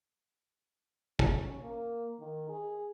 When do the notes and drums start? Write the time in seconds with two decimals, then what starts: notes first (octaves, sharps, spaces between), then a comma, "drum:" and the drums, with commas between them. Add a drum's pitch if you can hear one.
1.19 C#4, drum: kick
1.61 A#3
2.20 D#3
2.49 G#4